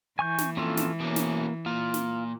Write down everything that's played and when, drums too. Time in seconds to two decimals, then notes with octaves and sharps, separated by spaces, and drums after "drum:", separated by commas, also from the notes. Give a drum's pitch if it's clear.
0.19 E3 G#5 C#6 G6
0.38 drum: snare
0.57 F2 A#2 C#4 F4 A4
0.77 drum: snare
1.00 B2 A#3 C#4
1.16 drum: snare
1.66 A#2 F4
1.94 drum: snare